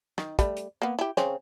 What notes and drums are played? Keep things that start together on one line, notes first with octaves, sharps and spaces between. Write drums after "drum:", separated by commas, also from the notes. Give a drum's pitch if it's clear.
D#3, drum: snare
G3 A3, drum: kick, hi-hat
drum: hi-hat
A#3 B3
E4 G4
C#3 C4 C#4, drum: snare